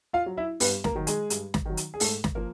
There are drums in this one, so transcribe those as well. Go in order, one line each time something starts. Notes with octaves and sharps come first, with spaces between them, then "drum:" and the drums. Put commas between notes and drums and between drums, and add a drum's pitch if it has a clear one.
F4 F5
F#3
E4 E5
G2 B3 B4, drum: open hi-hat
A#3 A#4, drum: snare
D#3 F#3
G#3 G#4, drum: hi-hat
G2, drum: hi-hat
drum: snare
D#3 F#3
drum: hi-hat
G#4
G#2 A3 A4, drum: open hi-hat
drum: snare
F3 A#3 A#4